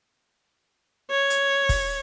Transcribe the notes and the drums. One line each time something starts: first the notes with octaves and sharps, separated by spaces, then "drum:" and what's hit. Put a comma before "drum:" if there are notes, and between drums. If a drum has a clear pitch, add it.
C#5
drum: hi-hat
drum: kick, open hi-hat